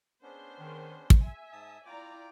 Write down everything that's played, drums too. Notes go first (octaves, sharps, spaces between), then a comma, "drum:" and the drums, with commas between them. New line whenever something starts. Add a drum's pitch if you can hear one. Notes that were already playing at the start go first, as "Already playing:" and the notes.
B3 C#4 D4 G#4 C5 C6
D#3
drum: kick
E5 G#5
G#2 A5 D#6
E4 F4 D5 G5 A#5 D6